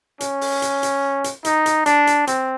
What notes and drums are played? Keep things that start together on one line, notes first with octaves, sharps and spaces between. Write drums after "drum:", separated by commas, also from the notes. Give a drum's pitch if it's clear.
C#4, drum: hi-hat
drum: open hi-hat
drum: hi-hat
drum: hi-hat
drum: hi-hat
D#4, drum: hi-hat
drum: hi-hat
D4, drum: hi-hat
drum: hi-hat
C4, drum: hi-hat